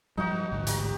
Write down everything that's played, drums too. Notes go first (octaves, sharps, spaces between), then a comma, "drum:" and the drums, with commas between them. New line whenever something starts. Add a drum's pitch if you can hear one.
G2 F3 G3 D#4 F#4
A1 D2 G#2
G4 A#5, drum: hi-hat